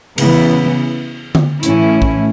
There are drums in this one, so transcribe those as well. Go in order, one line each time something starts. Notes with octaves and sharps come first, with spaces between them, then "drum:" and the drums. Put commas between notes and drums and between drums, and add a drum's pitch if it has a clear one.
C#3 E3 B3 E4, drum: cymbal
drum: tom D3
A2 E3 A3 C#4 E4, drum: hi-hat
drum: kick